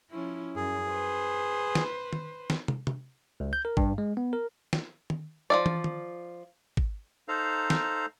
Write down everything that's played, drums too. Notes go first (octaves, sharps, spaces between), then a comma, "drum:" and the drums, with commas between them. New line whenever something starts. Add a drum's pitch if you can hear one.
F3 C#4 E4
F#2 G#4
B4 C5
drum: snare
drum: tom D#3
drum: snare
drum: tom
drum: tom
C#2
G6
A#4
G2, drum: kick
G#3
B3
A#4
drum: snare
drum: tom D#3
F3 A3 D5
drum: tom
drum: tom D#3
drum: kick
D#4 A4 C5 F5 A#5
drum: snare